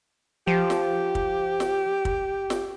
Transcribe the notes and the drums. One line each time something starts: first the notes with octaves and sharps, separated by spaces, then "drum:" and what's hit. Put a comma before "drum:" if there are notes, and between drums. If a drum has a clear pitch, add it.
F3 G4
drum: snare
drum: kick
drum: snare
drum: kick
drum: snare